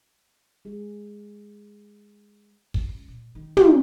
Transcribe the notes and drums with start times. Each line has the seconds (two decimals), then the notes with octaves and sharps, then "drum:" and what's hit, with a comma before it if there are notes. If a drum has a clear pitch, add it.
0.65 G#3 G#4
2.74 G2, drum: kick
2.89 C#2
3.08 A#2
3.35 D#3
3.57 C#2, drum: tom